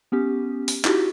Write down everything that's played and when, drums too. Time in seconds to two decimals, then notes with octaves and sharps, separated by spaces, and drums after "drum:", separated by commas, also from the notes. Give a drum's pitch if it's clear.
0.12 B3 C#4 G4
0.68 drum: open hi-hat
0.85 D#4 E4 F#4 G4, drum: clap